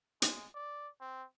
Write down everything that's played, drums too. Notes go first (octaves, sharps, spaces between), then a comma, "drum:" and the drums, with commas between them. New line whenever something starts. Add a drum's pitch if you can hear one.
G#3, drum: hi-hat
D5
C4